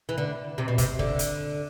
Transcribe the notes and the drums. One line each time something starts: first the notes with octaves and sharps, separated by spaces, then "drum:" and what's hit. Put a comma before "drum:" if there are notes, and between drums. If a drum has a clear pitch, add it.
E3
D3
C3
B2
C3, drum: kick, hi-hat
D3, drum: kick
drum: hi-hat